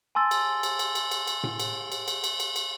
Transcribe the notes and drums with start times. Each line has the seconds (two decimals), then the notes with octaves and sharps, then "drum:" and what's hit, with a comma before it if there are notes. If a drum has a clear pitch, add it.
0.15 G#5 A5 C6 E6 A6
0.31 drum: cymbal
0.63 drum: cymbal
0.79 drum: cymbal
0.95 drum: cymbal
1.11 drum: cymbal
1.27 drum: cymbal
1.43 drum: tom A2
1.60 drum: cymbal
1.92 drum: cymbal
2.08 drum: cymbal
2.24 drum: cymbal
2.40 drum: cymbal
2.56 drum: cymbal